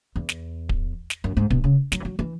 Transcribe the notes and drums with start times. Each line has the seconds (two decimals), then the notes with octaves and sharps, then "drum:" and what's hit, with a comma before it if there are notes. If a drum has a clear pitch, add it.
0.16 E2
0.29 drum: snare
0.69 drum: kick D1
1.10 drum: snare
1.24 F#2
1.37 G#2
1.50 B2, drum: kick D1
1.64 C#3
1.92 F#3, drum: snare
2.00 E3
2.05 F#3
2.19 E3